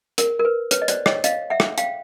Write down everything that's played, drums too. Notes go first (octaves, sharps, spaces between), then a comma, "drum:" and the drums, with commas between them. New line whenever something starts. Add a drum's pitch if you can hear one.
A#4, drum: hi-hat
A#4
B4
B4 C#5, drum: hi-hat
D#5
C5 D5, drum: hi-hat
C#5 D#5, drum: rim click
D#5 F5, drum: hi-hat
E5 F#5
drum: rim click
F5 G5, drum: hi-hat